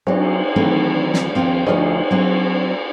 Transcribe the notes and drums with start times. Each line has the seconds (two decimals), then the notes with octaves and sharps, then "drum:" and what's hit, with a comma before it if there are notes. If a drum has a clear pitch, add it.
0.07 F#3 C4 F#4, drum: cymbal
0.56 D#3 E3 F#3 A3 C4 D#4
1.14 drum: snare
1.35 D#2 A#2 F3 C4 F5
1.66 D2 C#3 F3 F4 A4 D#5, drum: cymbal
2.11 F#3 C4 F#5